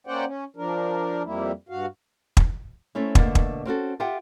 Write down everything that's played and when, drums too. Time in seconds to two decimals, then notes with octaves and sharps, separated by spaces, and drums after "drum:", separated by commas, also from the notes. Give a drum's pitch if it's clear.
0.07 A#3 C#4 C5 D5 F#5 G5
0.26 C#4
0.57 F3 D4 A#4
1.24 F2 G3 A#3 E4
1.69 G2 F#4 F5
2.37 drum: kick
2.95 A3 C4 C#4 E4
3.15 B2 D3 F3 G3 A3 A#3, drum: kick
3.35 drum: kick
3.65 C4 C#4 F#4 A4
4.00 F4 G4 E5 F#5 G5